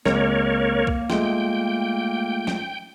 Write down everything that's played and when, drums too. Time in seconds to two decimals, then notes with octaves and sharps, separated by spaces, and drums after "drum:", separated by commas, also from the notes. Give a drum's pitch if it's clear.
0.05 C#2 G#3 A#3 C4 A#4 C#5, drum: snare
0.87 drum: kick B1
1.10 G#3 A3 F4 G5, drum: snare
2.47 drum: snare